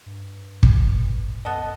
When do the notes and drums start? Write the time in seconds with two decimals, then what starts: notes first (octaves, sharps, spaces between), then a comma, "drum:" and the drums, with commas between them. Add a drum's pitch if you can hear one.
0.06 G2
0.63 drum: kick
1.45 F#2 B3 A4 D#5